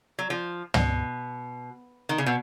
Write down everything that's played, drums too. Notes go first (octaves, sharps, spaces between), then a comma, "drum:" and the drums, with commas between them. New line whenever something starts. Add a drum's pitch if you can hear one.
F#3
F3
B2, drum: tom
D#3
C#3
B2